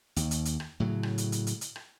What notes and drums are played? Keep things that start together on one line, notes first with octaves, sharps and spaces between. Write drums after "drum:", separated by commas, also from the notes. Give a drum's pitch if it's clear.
D#2, drum: hi-hat
drum: hi-hat
drum: hi-hat
drum: rim click
A2 C#3 F#3
drum: rim click
drum: hi-hat
drum: hi-hat
drum: hi-hat
drum: hi-hat
drum: rim click